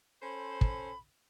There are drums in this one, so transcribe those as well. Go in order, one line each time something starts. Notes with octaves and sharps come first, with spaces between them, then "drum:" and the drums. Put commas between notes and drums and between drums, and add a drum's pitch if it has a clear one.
C#4 A4 C5 B5
drum: kick